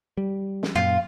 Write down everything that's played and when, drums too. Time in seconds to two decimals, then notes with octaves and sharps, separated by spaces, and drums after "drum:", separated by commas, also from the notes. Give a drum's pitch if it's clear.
0.17 G3
0.63 drum: snare
0.75 F#2 A#2 F4